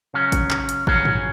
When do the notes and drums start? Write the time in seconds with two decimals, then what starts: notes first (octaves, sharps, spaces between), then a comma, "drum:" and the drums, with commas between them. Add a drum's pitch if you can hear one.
0.14 C#3 F#3 C#4
0.32 drum: kick G#1, hi-hat
0.51 drum: clap
0.69 drum: hi-hat
0.87 F2 C#3 F#3 C#4, drum: kick G#1
1.05 drum: tom